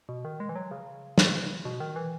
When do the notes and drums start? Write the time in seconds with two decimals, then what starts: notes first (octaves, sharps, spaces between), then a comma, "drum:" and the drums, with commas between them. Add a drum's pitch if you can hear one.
0.09 B2
0.25 D#3
0.40 G#3
0.49 E3
0.56 F#3
0.71 C#3
1.18 drum: snare
1.65 B2
1.80 D#3
1.96 E3